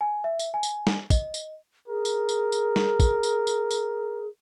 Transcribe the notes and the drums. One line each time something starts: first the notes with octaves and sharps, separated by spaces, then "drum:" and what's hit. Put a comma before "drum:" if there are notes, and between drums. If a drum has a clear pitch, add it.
G#5
E5
drum: tambourine
G#5
drum: tambourine
drum: snare
D#5, drum: kick, tambourine
drum: tambourine
G#4 A#4
drum: tambourine
drum: tambourine
drum: tambourine
drum: snare
drum: kick, tambourine
drum: tambourine
drum: tambourine
drum: tambourine